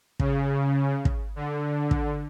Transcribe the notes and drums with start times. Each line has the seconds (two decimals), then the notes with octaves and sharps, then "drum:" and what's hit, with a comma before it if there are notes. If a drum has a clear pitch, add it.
0.20 C#3, drum: kick
1.05 drum: kick
1.36 D3
1.91 drum: kick